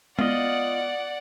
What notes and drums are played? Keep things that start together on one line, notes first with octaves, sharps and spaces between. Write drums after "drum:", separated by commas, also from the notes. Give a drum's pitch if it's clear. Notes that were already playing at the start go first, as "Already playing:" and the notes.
B3 F4 D5 D#5 F#5, drum: tom G#3